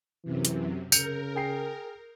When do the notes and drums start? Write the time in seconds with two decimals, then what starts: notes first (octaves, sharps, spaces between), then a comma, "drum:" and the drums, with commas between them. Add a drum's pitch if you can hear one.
0.25 F#2 C3 E3
0.45 drum: hi-hat
0.92 C#3 A#4 G6 C#7 F7, drum: tambourine
1.35 G#4 G5 C7